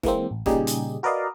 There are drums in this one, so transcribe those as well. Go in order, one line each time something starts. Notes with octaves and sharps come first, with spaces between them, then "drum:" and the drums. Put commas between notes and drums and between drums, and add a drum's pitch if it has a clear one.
E3 G#3 A#3 C4, drum: snare E1
A1
A#2 C#3 G3 D#4 G4 G#4, drum: snare E1
drum: hi-hat
F#4 A#4 B4 D5 D#5 F5